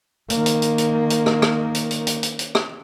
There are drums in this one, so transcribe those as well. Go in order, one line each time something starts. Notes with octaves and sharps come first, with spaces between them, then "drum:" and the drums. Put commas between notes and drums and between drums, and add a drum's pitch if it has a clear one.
D#3 A#3, drum: hi-hat
drum: hi-hat
drum: hi-hat
drum: hi-hat
drum: hi-hat
drum: rim click
drum: rim click
drum: hi-hat
drum: hi-hat
drum: hi-hat
drum: hi-hat
drum: hi-hat
drum: rim click